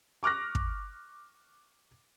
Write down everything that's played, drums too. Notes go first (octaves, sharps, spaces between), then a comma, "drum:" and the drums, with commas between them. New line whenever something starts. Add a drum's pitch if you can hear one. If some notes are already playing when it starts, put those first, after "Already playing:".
C#6 D6 F6 F#6 A#6
drum: kick